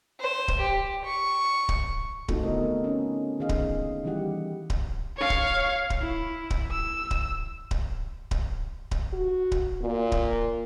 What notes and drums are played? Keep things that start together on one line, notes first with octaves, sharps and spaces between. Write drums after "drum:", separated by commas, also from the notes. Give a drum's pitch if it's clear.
C5
drum: kick D1
G4
C#6
drum: kick D1
A3 C4 D#4 F4 F#4 A4, drum: kick D1
D3 A3 B3 E4 A#4 D#5
A3
C#4 D#4
D#3 G#4 D#5 F5
drum: kick D1
D#3 E3 G3 E4 G4 F#5
drum: kick D1
C#5 F5
drum: kick D1
drum: kick D1
E4
drum: kick D1
E6
drum: kick D1
drum: kick D1
drum: kick D1
drum: kick D1
F#4
drum: kick D1
A#2
drum: kick D1